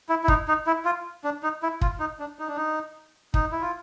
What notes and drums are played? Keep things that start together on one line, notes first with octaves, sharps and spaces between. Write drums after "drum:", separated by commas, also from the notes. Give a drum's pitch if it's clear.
E4
E4
D#4, drum: kick
D#4
E4
F4
D4
D#4
E4
F4, drum: kick
D#4
D4
D#4
D4
D#4
D#4, drum: kick
E4
F4